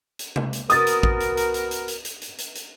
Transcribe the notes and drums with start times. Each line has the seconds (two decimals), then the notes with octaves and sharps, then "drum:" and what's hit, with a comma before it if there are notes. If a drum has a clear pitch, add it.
0.19 drum: hi-hat
0.36 drum: tom C3
0.53 drum: hi-hat
0.70 B3 F#4 A#4 D#6 A6, drum: hi-hat
0.87 drum: hi-hat
1.03 drum: kick
1.20 drum: hi-hat
1.37 drum: hi-hat
1.54 drum: hi-hat
1.71 drum: hi-hat
1.88 drum: hi-hat
2.05 drum: hi-hat
2.21 drum: hi-hat
2.38 drum: hi-hat
2.55 drum: hi-hat